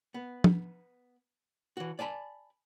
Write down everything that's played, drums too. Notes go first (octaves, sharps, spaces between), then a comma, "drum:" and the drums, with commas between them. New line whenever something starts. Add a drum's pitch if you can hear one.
B3
drum: tom F3
E3 F#4
D5 G#5 A5 B5